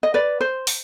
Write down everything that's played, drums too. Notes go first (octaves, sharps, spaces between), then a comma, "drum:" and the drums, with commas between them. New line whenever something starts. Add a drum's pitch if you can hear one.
D#5
B4 D5
C5
drum: open hi-hat